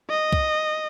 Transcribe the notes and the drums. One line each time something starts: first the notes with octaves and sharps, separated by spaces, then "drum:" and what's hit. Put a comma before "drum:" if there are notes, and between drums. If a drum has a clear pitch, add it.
D#5
drum: kick C2